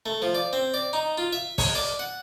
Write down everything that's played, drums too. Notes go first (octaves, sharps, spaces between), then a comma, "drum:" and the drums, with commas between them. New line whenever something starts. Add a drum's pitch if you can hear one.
A3
F3
D5
C4
D5
D#4
F4
E5
C#5, drum: kick, open hi-hat
D5
F#5